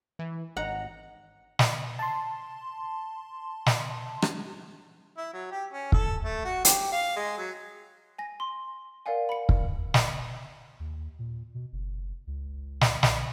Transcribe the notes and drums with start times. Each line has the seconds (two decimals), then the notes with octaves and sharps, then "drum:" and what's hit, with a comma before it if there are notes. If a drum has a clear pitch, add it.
0.19 E3
0.57 G#1 F#5 A#5
1.59 drum: snare
1.99 A5 C6
3.66 drum: snare
4.22 drum: rim click
5.17 E4
5.33 F#3
5.51 G4
5.72 C#4
5.92 A4, drum: kick
6.24 A3
6.45 F#4
6.65 G4, drum: hi-hat
6.92 F5
7.16 G#3
7.37 F#3
8.18 G#5 A#6
8.40 C6
9.06 A#4 D5 F5 F#5 G#5
9.29 B5 C#7
9.49 drum: kick
9.94 drum: snare
10.80 D#2
11.19 A#2
11.54 B2
11.72 F#1
12.27 C#2
12.81 drum: snare
13.03 B1, drum: snare